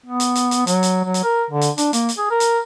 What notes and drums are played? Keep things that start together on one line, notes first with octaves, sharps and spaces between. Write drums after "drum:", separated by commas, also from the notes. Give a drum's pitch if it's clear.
B3
drum: hi-hat
drum: hi-hat
drum: hi-hat
F#3, drum: hi-hat
drum: hi-hat
F#3
drum: hi-hat
A#4
D3
drum: hi-hat
D4, drum: hi-hat
A#3, drum: hi-hat
drum: hi-hat
G#4
A#4
drum: hi-hat